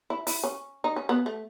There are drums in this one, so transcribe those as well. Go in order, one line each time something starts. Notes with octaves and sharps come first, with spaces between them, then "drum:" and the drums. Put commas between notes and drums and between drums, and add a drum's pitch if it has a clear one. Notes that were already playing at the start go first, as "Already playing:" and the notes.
E4
E4, drum: open hi-hat
C#4
D#4
C#4
B3
A3